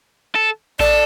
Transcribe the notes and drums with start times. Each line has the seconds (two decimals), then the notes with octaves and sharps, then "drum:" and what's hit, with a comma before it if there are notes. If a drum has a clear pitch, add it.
0.35 A4
0.79 A4 D5, drum: kick A1